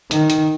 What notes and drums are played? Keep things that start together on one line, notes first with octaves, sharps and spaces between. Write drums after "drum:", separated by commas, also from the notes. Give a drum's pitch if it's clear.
D#3, drum: hi-hat
drum: hi-hat